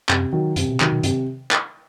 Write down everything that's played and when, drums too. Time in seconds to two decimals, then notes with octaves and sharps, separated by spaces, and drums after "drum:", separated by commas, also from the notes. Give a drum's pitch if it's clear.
0.09 F#2 C3, drum: clap
0.33 D#3 F#3
0.56 F#2 C3, drum: hi-hat
0.69 B2
0.80 C3 D#3 F#3, drum: clap
0.92 B2
1.03 G2 C3, drum: hi-hat
1.51 drum: clap